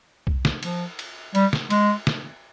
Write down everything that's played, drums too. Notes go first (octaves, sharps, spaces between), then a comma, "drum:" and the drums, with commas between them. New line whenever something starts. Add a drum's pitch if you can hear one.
drum: kick B1
drum: snare
F3, drum: cymbal
drum: cymbal
G3, drum: cymbal
drum: snare
G#3, drum: cymbal
drum: snare